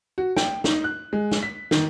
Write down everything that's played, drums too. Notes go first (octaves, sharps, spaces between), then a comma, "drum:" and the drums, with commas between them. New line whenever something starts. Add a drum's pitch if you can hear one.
F#4
G5, drum: snare
D#4, drum: snare
F#6
G#3
drum: snare
B6
D#3, drum: snare